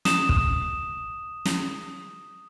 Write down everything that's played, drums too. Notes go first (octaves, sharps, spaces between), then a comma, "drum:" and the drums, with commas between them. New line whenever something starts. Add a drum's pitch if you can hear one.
D#6 E7, drum: snare
drum: kick
drum: snare